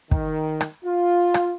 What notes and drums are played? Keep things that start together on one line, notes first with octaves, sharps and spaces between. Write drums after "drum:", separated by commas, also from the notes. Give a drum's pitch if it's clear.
D#3, drum: kick
drum: rim click
F4
drum: rim click